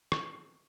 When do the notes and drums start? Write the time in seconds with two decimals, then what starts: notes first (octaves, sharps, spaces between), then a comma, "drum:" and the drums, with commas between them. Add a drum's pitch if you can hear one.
0.12 C#6, drum: rim click